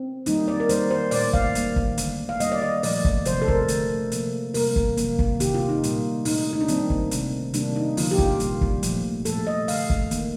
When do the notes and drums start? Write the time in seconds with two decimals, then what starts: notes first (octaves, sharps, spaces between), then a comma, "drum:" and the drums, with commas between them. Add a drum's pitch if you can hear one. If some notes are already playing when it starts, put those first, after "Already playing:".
Already playing: C4
0.26 D#3 G3 A#3 D#4, drum: hi-hat
0.48 D5
0.60 A#4
0.69 D#3 G3 A#3 C5, drum: hi-hat
0.91 C5
1.11 A#2 A3 D5, drum: open hi-hat
1.33 F5, drum: kick
1.55 D#3 G3 A#3, drum: hi-hat
1.76 drum: kick
1.98 D3 A3, drum: hi-hat
2.29 F5
2.40 D#3 G3 A#3 D#5, drum: hi-hat
2.52 D5
2.62 D#5
2.83 A#2 F3 A3 D5, drum: open hi-hat
3.05 drum: kick
3.25 C3 F3 A3 C5, drum: hi-hat
3.42 A4
3.48 A#4, drum: kick
3.68 D3 A3, drum: hi-hat
4.12 C3 F3 A#3, drum: hi-hat
4.54 C3 G3 A#3 A#4, drum: open hi-hat
4.76 drum: kick
4.97 C3 F3 A#3, drum: hi-hat
5.19 drum: kick
5.40 C3 D#3 A#3 G4, drum: hi-hat
5.54 F4
5.69 D#4
5.83 A#2 G3 A#3, drum: hi-hat
6.25 A#2 A3 D#4, drum: open hi-hat
6.53 D#4
6.61 D4
6.68 D#3 G3 A#3 C4, drum: hi-hat
6.90 drum: kick
7.11 C3 D#3 A3, drum: hi-hat
7.54 C3 D#3 G3 A#3 D4, drum: hi-hat
7.76 D#4
7.97 D3 F3 A#3 F4, drum: open hi-hat
8.11 G4
8.18 F4, drum: kick
8.40 A#2 G3 A#3, drum: hi-hat
8.61 drum: kick
8.83 A#2 F3 A3, drum: hi-hat
9.25 A#2 F3 A3 A4, drum: hi-hat
9.47 D#5
9.68 D3 A3 F5, drum: open hi-hat
9.90 drum: kick
10.11 D#3 A#3, drum: hi-hat